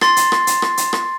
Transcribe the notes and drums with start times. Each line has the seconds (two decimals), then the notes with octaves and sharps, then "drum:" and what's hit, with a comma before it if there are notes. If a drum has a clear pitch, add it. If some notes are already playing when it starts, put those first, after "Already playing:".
0.01 C6 A6 C7, drum: rim click
0.17 drum: hi-hat
0.32 drum: rim click
0.47 drum: hi-hat
0.62 drum: rim click
0.77 drum: hi-hat
0.93 drum: rim click